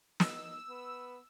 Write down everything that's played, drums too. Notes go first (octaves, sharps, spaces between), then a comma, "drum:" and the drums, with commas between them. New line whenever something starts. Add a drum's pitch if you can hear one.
D#4 E6, drum: snare
B3